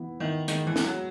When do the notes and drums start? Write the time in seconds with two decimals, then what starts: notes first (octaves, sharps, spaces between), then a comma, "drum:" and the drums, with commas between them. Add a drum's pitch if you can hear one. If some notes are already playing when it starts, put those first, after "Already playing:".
Already playing: E3 B3 E4
0.20 D#3 E4
0.48 D#3 G#3, drum: hi-hat
0.67 E3
0.76 B3, drum: snare
0.85 F#3